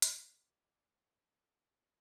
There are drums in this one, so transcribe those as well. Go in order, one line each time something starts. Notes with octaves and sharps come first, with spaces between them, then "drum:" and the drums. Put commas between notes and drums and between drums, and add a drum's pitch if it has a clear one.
drum: hi-hat
D5
A4